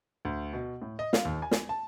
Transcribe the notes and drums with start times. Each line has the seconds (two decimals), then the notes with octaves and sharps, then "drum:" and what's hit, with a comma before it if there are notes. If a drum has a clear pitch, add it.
0.25 D2
0.53 B2
0.82 A2
0.99 D#5
1.13 F5, drum: snare
1.25 D#2
1.42 G#5
1.51 drum: snare
1.69 A5